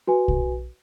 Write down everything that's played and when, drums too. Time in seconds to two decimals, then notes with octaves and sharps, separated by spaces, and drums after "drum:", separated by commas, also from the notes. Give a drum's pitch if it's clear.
0.07 F#4 B4 G#5
0.28 drum: kick